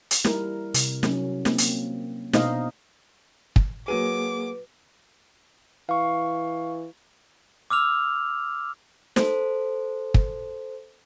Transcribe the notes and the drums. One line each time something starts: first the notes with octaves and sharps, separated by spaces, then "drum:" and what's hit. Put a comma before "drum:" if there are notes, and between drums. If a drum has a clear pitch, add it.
drum: hi-hat
G3 E4 A#4, drum: snare
C3, drum: hi-hat
F#3 C#4, drum: snare
A#3 C4, drum: snare
drum: hi-hat
B2 D4 D#4 C5 D#5 F5, drum: snare
drum: kick
F#3 A#3 G#4 B4 D6 D#7
E3 F5 C#6
D6 E6 F6 F7
A4 C5, drum: snare
drum: kick